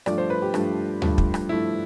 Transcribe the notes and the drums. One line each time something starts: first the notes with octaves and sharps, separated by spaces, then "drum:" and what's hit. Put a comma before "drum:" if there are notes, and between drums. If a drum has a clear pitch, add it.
G2 F3 A3 D5, drum: rim click
C5
B4
G4
G2 F3 A3, drum: rim click
G2 F3 A3, drum: tom D2
drum: kick
drum: rim click
G2 F3 A3 E4